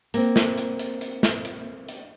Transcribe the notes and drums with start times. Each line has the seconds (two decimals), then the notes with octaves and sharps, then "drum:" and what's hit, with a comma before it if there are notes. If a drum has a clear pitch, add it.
0.14 A#3 C4, drum: hi-hat
0.36 drum: snare
0.58 drum: hi-hat
0.79 drum: hi-hat
1.01 drum: hi-hat
1.23 drum: snare
1.45 drum: hi-hat
1.89 drum: hi-hat